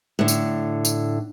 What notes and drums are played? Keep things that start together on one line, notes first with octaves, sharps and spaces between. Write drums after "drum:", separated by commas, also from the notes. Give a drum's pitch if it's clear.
A2 D3
drum: tambourine
drum: tambourine